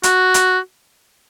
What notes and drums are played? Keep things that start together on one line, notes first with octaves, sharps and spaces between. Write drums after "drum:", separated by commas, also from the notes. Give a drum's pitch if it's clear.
F#4, drum: hi-hat
drum: hi-hat